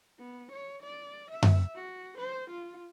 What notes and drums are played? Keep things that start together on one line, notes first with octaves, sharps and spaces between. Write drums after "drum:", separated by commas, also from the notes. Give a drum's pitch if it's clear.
B3
C#5
D5
E5
drum: tom F#2
F#4
C5
F4